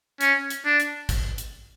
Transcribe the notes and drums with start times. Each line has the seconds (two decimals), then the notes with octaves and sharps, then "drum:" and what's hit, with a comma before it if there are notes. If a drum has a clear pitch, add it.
0.21 C#4, drum: hi-hat
0.50 drum: hi-hat
0.65 D4
0.80 drum: hi-hat
1.09 drum: kick, hi-hat
1.38 drum: hi-hat